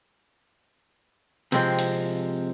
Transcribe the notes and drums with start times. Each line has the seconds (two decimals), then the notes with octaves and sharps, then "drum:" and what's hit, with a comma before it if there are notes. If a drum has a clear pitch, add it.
1.52 C3 F3 G#3 C4, drum: hi-hat
1.79 drum: hi-hat